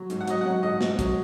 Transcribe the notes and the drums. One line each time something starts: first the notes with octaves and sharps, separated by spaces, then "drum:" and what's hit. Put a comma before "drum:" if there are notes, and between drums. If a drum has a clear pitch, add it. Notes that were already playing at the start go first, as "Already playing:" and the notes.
Already playing: F#3
G#2, drum: hi-hat
F#5
F#3 D#5, drum: hi-hat
F#3 F#5
G#2 D#5
G#2, drum: snare
F#3, drum: kick, hi-hat